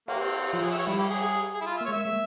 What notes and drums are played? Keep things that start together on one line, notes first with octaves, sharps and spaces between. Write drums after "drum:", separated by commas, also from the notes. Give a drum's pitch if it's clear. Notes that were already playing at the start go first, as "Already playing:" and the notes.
A#3, drum: cymbal
C4
C4
F3 C4
G#4
E5
C#5
G3 E4
G4
G#4
G#4
G#4
E4
F4
E5
A#3
C#5
G#3
A#3 E5
G#3